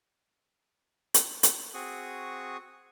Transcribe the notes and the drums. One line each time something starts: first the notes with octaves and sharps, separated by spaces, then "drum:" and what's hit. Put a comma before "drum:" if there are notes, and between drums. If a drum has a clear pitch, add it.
drum: hi-hat
drum: hi-hat
C4 F#4 G#4 C#6 D#6